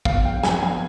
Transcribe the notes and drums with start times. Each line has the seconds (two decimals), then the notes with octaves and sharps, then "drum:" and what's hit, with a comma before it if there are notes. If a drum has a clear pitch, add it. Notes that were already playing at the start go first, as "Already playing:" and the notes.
0.05 B3 F5, drum: kick
0.25 F3 G5
0.43 F3 G#5, drum: snare
0.63 B3 G#5